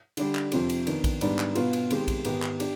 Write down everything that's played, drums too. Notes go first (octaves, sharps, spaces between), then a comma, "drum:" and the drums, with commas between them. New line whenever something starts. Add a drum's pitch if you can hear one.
D3 G3 D4 G4, drum: cymbal
drum: clap
F2 C3 F3 C4 G4, drum: cymbal
drum: cymbal
D#3 B3 D4, drum: cymbal
drum: kick A#1, cymbal
G#2 G3 B3 D4, drum: cymbal
drum: clap
B2 B3 F4, drum: cymbal
drum: cymbal
D#3 G#3 C4 G4, drum: cymbal
drum: kick A#1, cymbal
G#2 D#3 B3 D#4 G4, drum: cymbal
drum: clap
D4 G4, drum: cymbal